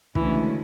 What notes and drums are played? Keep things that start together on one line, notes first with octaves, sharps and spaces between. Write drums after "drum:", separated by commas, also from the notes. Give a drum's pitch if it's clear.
D2 C#3 E3 G#3 C#4 E4, drum: kick